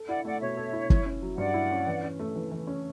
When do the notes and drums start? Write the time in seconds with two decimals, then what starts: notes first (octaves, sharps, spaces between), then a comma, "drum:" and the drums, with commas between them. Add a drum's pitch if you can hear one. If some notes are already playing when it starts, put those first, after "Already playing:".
Already playing: A4
0.08 E4 D5 F#5
0.25 A3 D5 F#5
0.40 B2 C#5 E5
0.57 A4
0.73 E4
0.90 E4, drum: kick
1.06 C#4
1.22 F#3
1.38 G2 D5 F#5
1.54 E4
1.71 C#4
1.87 E3
2.03 C#4
2.19 A3
2.35 E3
2.51 E3
2.67 C#4